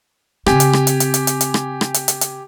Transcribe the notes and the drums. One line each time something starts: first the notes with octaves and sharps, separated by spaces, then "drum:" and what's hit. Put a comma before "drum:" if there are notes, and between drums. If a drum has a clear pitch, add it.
C#3 C4 G4 G#5, drum: rim click
drum: hi-hat
drum: rim click
drum: hi-hat
drum: hi-hat
drum: hi-hat
drum: hi-hat
drum: hi-hat
drum: rim click
drum: rim click
drum: hi-hat
drum: hi-hat
drum: hi-hat